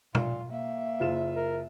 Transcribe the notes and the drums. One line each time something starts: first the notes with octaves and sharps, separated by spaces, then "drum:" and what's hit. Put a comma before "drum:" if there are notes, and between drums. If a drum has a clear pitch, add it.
A#2 F4, drum: tom B2
A#3 E5
F#1 F4 E7
A#4